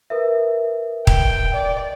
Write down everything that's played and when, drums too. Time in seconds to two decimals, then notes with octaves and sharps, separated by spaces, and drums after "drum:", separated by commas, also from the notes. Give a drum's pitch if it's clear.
0.10 A#4 B4 E5
1.07 G5, drum: kick D#1
1.54 D5